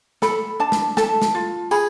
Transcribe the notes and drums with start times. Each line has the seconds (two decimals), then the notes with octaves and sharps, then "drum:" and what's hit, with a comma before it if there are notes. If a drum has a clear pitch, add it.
0.22 A4 B5, drum: snare
0.60 D4 A5
0.72 drum: snare
0.97 A4 A5, drum: snare
1.22 drum: snare
1.35 F4
1.71 G#4 B5, drum: tambourine